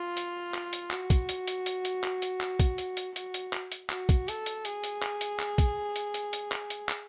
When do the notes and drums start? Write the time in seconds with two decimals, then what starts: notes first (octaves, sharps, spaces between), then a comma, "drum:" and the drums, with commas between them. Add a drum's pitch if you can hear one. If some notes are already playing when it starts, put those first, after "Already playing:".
Already playing: F4
0.17 drum: hi-hat
0.54 drum: clap
0.73 drum: hi-hat
0.91 F#4, drum: clap
1.10 drum: kick, hi-hat
1.29 drum: hi-hat
1.47 drum: hi-hat
1.66 drum: hi-hat
1.85 drum: hi-hat
2.03 drum: clap
2.22 drum: hi-hat
2.41 drum: clap
2.60 drum: kick, hi-hat
2.78 drum: hi-hat
2.97 drum: hi-hat
3.16 F#4, drum: hi-hat
3.34 drum: hi-hat
3.53 drum: clap
3.72 drum: hi-hat
3.90 F#4, drum: clap
4.09 drum: kick, hi-hat
4.28 A4, drum: hi-hat
4.46 drum: hi-hat
4.65 G#4, drum: hi-hat
4.84 drum: hi-hat
5.02 drum: clap
5.21 drum: hi-hat
5.40 drum: clap
5.58 drum: kick, hi-hat
5.96 drum: hi-hat
6.14 drum: hi-hat
6.33 drum: hi-hat
6.52 drum: clap
6.70 drum: hi-hat
6.89 drum: clap